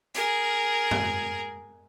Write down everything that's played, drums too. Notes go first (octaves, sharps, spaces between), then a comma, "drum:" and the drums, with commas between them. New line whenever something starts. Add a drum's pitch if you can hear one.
G#4 A#4, drum: hi-hat
drum: tom F#2